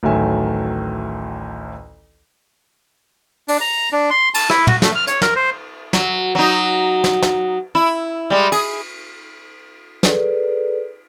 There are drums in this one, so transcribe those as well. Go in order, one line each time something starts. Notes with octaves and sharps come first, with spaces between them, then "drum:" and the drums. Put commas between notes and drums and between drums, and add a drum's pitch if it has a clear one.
A1 D2 D#3 F#3 E5 G#5
D4, drum: open hi-hat
A#5
D4
C6
A5, drum: cymbal
E4, drum: rim click
F#4, drum: tom
A3, drum: snare
F6
C#5, drum: hi-hat
A#4, drum: snare
C5
F#3, drum: snare
F#3 D#4
drum: snare
drum: snare
E4
G3 G#3
G#4, drum: cymbal
G#4 A4 B4 D5, drum: snare